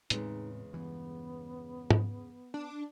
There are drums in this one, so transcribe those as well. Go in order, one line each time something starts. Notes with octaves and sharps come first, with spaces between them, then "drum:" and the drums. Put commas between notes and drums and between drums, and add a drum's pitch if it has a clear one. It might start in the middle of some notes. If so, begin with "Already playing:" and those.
E2 A2 C#3 G#3 C4 D#4, drum: hi-hat
G2 E3 B3
drum: tom
D4